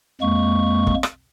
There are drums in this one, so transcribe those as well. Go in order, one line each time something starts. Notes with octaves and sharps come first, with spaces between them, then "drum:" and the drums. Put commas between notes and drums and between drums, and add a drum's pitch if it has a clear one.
F2 G#3 A#3 C#6
drum: kick
drum: rim click